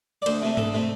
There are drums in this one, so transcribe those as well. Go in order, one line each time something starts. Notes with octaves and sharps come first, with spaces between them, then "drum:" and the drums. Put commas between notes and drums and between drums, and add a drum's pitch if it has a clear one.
D5
D2 C5, drum: cymbal
C3 A3
D2 A4, drum: tom G#2
C3 A3